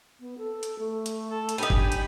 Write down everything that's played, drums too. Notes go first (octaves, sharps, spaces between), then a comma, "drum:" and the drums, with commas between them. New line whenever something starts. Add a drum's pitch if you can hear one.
B3
A4
drum: hi-hat
A3
drum: hi-hat
A4
drum: hi-hat
D4 D#4 G4 G#5 B5
drum: kick
drum: hi-hat